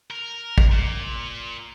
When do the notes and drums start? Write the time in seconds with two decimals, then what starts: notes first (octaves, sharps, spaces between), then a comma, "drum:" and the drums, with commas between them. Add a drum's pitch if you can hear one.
0.11 A#4
0.58 drum: kick
0.72 A#2